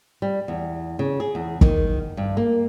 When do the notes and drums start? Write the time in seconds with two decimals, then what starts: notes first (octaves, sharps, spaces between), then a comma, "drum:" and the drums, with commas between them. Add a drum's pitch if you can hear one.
0.22 G3
0.48 E2
0.99 C#3
1.20 G#4
1.35 E2
1.61 D#3, drum: kick
2.17 G2
2.37 A#3